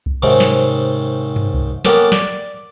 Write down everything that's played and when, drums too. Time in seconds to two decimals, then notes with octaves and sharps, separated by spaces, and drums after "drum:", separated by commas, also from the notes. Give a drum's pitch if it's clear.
0.06 drum: kick C2
0.22 G#2 C3 D#3 C4 C#4
0.40 drum: snare
1.36 drum: tom G2
1.54 drum: kick C2
1.85 A#3 B3 C#4 G4 A4 A#4, drum: snare
2.12 D5, drum: snare